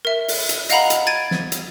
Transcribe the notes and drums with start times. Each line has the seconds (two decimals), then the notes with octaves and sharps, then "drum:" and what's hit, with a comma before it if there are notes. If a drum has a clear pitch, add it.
0.05 A#4 E5
0.28 drum: open hi-hat
0.49 drum: hi-hat
0.69 D#5 F5 F#5 A#5 B5, drum: hi-hat
0.90 drum: hi-hat
1.07 G#6 A6 D7 D#7
1.31 drum: snare
1.52 drum: hi-hat